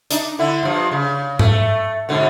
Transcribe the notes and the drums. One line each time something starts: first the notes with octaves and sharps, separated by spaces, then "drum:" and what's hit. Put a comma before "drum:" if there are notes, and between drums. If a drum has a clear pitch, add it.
D4 D#4, drum: hi-hat
D3 E4
G2 F3
C#3
A3, drum: tom G#2
G#2 B2 D3